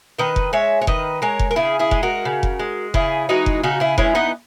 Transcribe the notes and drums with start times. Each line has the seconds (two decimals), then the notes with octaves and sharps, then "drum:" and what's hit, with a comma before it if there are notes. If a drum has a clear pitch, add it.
0.19 D#3 B4 D#5
0.36 drum: kick F1
0.53 G#3 C#5 E5
0.82 C#5
0.87 D#3 B4 D#5, drum: kick F1
1.22 G#3 A#4 C#5
1.39 drum: kick F1
1.51 A#4
1.56 C#3 E4 G#4
1.79 E4 G#4
1.91 G#3, drum: kick F1
2.03 F#4 A#4
2.25 C#3
2.43 drum: kick F1
2.59 G#3
2.94 C#3 E4 G#4, drum: kick F1
3.29 E3 G#3 D#4 F#4
3.46 drum: kick F1
3.63 C#3 D#4 F#4
3.80 E4 G#4
3.98 E3 G#3 C#4 E4, drum: kick F1
4.15 B3 D#4